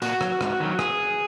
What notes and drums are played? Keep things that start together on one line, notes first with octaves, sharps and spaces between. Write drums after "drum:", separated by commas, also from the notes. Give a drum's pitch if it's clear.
A#2 F#4, drum: tambourine
F#3, drum: rim click
G#2, drum: rim click
D#3 F#3
G#4, drum: rim click